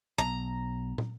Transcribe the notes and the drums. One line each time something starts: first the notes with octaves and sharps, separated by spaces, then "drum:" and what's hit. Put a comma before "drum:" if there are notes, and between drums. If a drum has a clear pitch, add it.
B1 A#5
drum: tom